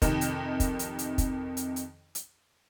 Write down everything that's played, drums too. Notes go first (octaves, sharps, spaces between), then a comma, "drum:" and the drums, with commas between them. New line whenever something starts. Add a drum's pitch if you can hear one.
F2 C3 D#3, drum: kick, hi-hat
drum: hi-hat
drum: kick, hi-hat
drum: hi-hat
drum: hi-hat
drum: kick, hi-hat
drum: hi-hat
drum: hi-hat
drum: hi-hat